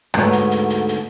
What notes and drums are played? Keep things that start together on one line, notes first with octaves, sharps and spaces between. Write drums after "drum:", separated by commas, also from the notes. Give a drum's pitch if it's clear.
D2 G#2 A3 B3 C#5, drum: rim click
drum: hi-hat
drum: hi-hat
drum: hi-hat
drum: hi-hat